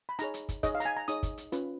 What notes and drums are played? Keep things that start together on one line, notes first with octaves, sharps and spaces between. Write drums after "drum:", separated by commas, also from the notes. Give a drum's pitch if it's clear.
B5
D#4 G#4 C#5 A#5, drum: hi-hat
drum: hi-hat
drum: kick, hi-hat
D#4 G#4 C#5 D#5, drum: kick, hi-hat
F5
A#5, drum: hi-hat
G#5
A#5
D#4 G#4 C#5 D#6, drum: hi-hat
drum: kick, hi-hat
drum: hi-hat
C#4 F4 B4, drum: hi-hat